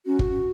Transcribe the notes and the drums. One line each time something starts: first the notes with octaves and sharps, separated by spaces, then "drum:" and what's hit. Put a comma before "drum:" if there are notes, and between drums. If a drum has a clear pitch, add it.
C#4 F#4
drum: kick